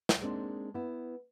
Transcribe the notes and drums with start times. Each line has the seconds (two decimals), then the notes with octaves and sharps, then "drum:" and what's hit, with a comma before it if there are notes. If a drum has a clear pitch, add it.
0.09 drum: snare
0.21 G#3 A#3 C4 D4 D#4
0.74 B3 E4